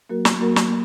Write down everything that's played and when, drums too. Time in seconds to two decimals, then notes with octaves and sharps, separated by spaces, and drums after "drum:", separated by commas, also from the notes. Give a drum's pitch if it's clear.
0.10 F#3 A#3 F#4 A#4
0.25 drum: snare
0.41 F#3 A#3 F#4 A#4
0.56 drum: snare